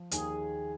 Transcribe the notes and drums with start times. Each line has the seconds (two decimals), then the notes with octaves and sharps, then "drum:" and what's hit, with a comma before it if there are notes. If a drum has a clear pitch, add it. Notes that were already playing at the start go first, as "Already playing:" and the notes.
Already playing: F3
0.11 D#2 D#3 G#4, drum: hi-hat